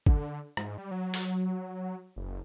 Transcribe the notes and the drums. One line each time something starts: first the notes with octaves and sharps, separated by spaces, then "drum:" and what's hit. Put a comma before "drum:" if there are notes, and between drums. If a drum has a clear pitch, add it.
D3, drum: kick
G#2, drum: rim click
G3
F#3
drum: open hi-hat
F#1